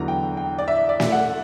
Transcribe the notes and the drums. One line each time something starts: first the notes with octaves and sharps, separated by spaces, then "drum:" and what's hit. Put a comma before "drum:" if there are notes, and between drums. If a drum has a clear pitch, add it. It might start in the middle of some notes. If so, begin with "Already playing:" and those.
Already playing: E2 D3 F#3 B3 D4 A#5
G5
G5
D5
E5
D5
drum: snare
F#5